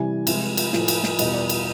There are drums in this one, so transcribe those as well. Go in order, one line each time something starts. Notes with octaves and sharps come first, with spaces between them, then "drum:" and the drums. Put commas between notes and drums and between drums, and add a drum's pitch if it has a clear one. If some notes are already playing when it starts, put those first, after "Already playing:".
Already playing: C3 E3 G3 G#5
C3 F3 G#3, drum: cymbal
drum: cymbal
A2 F3 A3, drum: snare
drum: cymbal
drum: snare
E2 B2 G3 D#5, drum: cymbal
D5
drum: cymbal